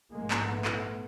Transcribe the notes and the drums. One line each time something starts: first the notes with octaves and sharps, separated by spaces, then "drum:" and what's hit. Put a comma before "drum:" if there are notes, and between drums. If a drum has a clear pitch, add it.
A#1 G#2 G#3 A#3
drum: clap
A3 B3
drum: clap